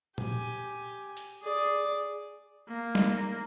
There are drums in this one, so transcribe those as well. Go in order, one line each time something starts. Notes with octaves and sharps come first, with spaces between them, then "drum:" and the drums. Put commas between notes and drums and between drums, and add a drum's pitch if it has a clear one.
G4 G#5, drum: tom A#2
drum: hi-hat
G#4 D5
A#3
drum: snare